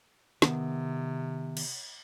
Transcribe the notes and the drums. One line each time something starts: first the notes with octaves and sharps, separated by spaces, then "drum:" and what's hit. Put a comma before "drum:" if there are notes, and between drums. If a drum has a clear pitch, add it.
C3 D#3 B3, drum: snare
drum: cymbal